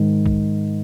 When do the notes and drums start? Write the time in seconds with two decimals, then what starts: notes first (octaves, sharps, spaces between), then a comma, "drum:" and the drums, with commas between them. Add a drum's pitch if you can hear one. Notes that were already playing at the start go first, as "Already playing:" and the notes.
Already playing: G#2 D#3
0.26 drum: kick A#1